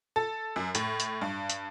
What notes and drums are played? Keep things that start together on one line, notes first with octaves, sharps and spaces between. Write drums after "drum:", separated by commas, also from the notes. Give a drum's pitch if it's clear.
A4
F#2
A2, drum: hi-hat
drum: hi-hat
G2
drum: hi-hat